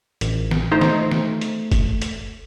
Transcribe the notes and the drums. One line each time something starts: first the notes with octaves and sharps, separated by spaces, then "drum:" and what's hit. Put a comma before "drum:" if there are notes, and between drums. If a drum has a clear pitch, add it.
A1, drum: hi-hat
drum: snare
A3 D#4 C5 A#5
drum: snare
drum: snare
drum: hi-hat
drum: kick, hi-hat
drum: hi-hat